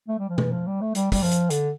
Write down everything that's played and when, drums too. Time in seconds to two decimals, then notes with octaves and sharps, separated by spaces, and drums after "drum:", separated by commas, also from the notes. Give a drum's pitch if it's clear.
0.08 A3
0.19 G3
0.29 F3
0.38 E3, drum: tom B2
0.52 F3
0.67 G3
0.81 A3
0.95 G3, drum: hi-hat
1.12 G3, drum: kick, open hi-hat
1.22 F3
1.31 drum: hi-hat
1.50 D3, drum: hi-hat